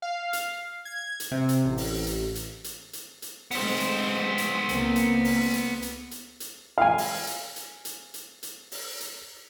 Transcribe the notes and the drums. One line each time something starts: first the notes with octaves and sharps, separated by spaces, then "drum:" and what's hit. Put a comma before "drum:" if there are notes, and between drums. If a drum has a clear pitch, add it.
F5
drum: hi-hat
G#6
drum: hi-hat
C3
drum: hi-hat
A1
drum: open hi-hat
drum: hi-hat
drum: hi-hat
drum: hi-hat
drum: hi-hat
drum: hi-hat
G#3 A3 B3 C4 C5, drum: open hi-hat
drum: hi-hat
drum: hi-hat
C#2 A#3 C4, drum: hi-hat
drum: hi-hat
drum: open hi-hat
drum: hi-hat
drum: hi-hat
drum: hi-hat
drum: hi-hat
F5 G#5
drum: open hi-hat
drum: hi-hat
drum: hi-hat
drum: hi-hat
drum: hi-hat
drum: hi-hat
drum: open hi-hat
drum: hi-hat